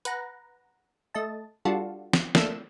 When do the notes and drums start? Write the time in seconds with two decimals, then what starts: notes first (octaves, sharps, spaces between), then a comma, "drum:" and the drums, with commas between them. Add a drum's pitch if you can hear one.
0.05 B4 F#5 A#5, drum: hi-hat
1.14 A3 D#5 A5
1.65 G3 D4 F4 F#4 A4
2.13 drum: snare
2.35 A3 A#3 D4 E6 E7, drum: snare